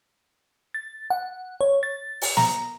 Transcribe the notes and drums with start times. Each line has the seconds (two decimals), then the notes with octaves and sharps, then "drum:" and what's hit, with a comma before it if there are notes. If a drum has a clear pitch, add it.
0.74 A6
1.10 F#5
1.61 C#5
1.83 A6
2.21 drum: open hi-hat
2.37 A#5, drum: snare